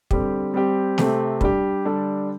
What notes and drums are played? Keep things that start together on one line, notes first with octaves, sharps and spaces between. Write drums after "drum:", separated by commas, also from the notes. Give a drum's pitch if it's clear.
D3 G3 C4 G4, drum: kick
G3 C4 G4
C3 A3 C4 G4, drum: snare
G3 D4 G4, drum: kick
D3 G3 D4 A4